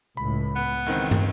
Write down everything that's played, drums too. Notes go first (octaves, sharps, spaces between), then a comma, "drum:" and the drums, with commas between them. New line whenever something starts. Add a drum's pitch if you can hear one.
C#2 A2 B5
B3
C#2 D#3 E3 C4
drum: tom